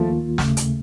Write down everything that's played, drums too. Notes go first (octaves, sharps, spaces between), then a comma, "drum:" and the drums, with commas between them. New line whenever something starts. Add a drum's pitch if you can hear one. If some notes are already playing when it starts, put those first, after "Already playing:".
Already playing: D#2 D#3 F3 A3 A#3 F4
D#2 C#3 A3, drum: snare
drum: hi-hat